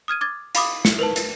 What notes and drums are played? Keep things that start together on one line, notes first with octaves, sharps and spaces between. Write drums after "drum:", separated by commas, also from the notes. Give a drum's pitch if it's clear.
D#6 F6 G#6 D#7
D6 G#6 A6
F5 B5 D6 D#6, drum: hi-hat
C#7, drum: snare
A#4 B4 A5
drum: hi-hat